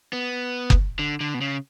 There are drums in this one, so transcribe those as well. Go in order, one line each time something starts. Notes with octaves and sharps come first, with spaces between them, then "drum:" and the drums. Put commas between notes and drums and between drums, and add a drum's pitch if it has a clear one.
B3
drum: kick F#1
D3
D3
B2
C#3